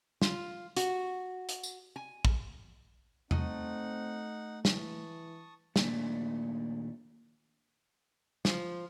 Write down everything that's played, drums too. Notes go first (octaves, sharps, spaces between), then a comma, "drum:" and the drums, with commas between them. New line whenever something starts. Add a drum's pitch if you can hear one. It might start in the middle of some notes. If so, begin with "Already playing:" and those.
F4, drum: snare
F#4, drum: hi-hat
drum: hi-hat
drum: tambourine
G#5
drum: kick
A3 C4 D#4 D#5 F#5, drum: tom E2
E3 A5 C#6 D#6, drum: snare
D#2 A#2 A3 D4, drum: snare
F3, drum: snare